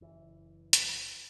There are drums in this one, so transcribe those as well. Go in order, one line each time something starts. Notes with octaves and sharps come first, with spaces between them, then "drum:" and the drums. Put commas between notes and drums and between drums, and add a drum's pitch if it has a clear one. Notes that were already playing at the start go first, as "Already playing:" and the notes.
F#1 E3
drum: hi-hat